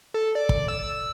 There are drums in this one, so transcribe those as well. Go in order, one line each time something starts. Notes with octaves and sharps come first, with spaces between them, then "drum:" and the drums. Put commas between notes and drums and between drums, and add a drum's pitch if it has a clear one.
A4
D5
drum: kick
E6